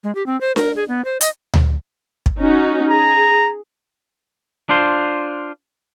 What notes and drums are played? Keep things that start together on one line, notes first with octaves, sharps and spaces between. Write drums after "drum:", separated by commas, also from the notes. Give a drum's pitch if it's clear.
G#3
G4
C4
C5
A#4, drum: snare D4
G#4
B3
C5
D#5, drum: hi-hat
drum: tom D2
drum: kick
C#4 D#4 F#4
G#4 A#5
D4 F4 C5